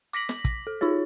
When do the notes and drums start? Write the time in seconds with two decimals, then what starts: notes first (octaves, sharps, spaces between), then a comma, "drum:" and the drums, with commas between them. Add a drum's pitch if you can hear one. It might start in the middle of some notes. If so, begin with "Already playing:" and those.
0.13 D6 A#6 B6 F#7, drum: hi-hat
0.29 drum: snare
0.44 drum: kick, hi-hat
0.67 A4
0.81 D#4 F4 G#4 C#5